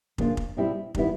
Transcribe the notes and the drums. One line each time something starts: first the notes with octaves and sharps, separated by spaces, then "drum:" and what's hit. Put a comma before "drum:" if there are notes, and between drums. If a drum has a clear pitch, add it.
C#3 F3 A#3 D4 F4, drum: kick
drum: kick
B2 G3 C4 E4
D#3 G3 B3 E4, drum: kick